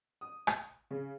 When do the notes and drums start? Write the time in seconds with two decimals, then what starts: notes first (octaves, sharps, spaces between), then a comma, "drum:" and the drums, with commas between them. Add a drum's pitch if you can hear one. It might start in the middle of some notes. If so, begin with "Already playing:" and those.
0.21 D#6
0.47 drum: rim click
0.91 C#3